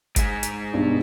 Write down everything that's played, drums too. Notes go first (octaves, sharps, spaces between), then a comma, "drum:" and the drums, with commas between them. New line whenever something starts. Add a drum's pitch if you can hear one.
G#2 G#3, drum: kick G1, hi-hat
drum: hi-hat
B1 G2 B2